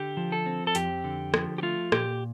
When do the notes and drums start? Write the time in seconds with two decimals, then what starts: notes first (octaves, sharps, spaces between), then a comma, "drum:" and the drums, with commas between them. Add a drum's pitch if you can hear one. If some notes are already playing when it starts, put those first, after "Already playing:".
Already playing: D3 G4
0.17 F3
0.32 A4
0.46 C4
0.67 A4
0.75 F2 G4, drum: hi-hat
1.04 D3
1.34 F3, drum: rim click
1.58 G4
1.63 A3 F4
1.92 A#2 G4, drum: rim click